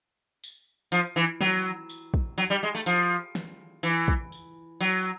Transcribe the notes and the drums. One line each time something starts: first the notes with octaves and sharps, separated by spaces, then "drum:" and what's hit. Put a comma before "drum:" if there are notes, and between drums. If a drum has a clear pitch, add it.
drum: tambourine
F3, drum: tambourine
E3
F#3, drum: snare
drum: tambourine
drum: kick
F#3, drum: tambourine
G3
G#3
A3
F3, drum: tambourine
drum: snare
E3, drum: tambourine
drum: kick
drum: tambourine
F#3, drum: tambourine